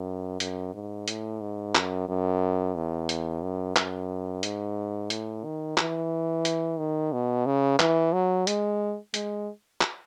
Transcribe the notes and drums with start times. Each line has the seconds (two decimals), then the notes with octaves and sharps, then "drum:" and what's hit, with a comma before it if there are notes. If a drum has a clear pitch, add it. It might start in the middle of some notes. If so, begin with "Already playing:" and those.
Already playing: F#2
0.40 F#2, drum: hi-hat
0.74 G#2
1.08 A2, drum: hi-hat
1.41 G#2
1.75 F#2, drum: clap
2.08 F#2
2.76 E2
3.09 drum: hi-hat
3.42 F#2
3.76 F#2, drum: clap
4.43 G#2, drum: hi-hat
5.10 A2, drum: hi-hat
5.44 D#3
5.77 E3, drum: clap
6.45 drum: hi-hat
6.78 D#3
7.12 B2
7.46 C#3
7.80 E3, drum: clap
8.13 F#3
8.47 G#3, drum: hi-hat
9.14 G#3, drum: hi-hat
9.81 drum: clap